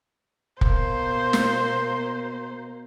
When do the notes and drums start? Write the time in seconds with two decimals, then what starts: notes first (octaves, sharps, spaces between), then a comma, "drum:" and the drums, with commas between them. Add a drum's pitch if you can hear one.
0.61 B2 A#3 C5, drum: kick
1.33 drum: snare